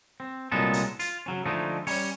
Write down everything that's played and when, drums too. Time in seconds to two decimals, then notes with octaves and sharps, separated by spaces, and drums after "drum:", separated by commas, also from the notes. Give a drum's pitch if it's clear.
0.20 C4
0.52 C2 A#2 F#3 G#3 B3 A4
0.73 drum: hi-hat
1.00 F4, drum: hi-hat
1.26 C#3 F#3 C#4
1.46 D3 F3 G#3 A3 D#4
1.87 G3 C#4 C#5, drum: open hi-hat